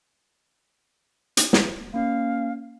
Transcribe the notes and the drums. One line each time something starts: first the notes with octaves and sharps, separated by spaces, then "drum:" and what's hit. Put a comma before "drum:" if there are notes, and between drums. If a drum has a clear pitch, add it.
drum: hi-hat
drum: snare
A#3 C#4 F5